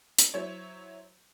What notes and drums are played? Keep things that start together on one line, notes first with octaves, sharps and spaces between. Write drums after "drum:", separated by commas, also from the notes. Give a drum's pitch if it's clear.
drum: hi-hat
F#3 E4 C5 C#5